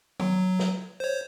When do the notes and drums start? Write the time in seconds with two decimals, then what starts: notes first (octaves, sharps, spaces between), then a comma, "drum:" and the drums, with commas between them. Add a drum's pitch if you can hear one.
0.20 F#3, drum: tom
0.59 drum: snare
1.00 C5 C#5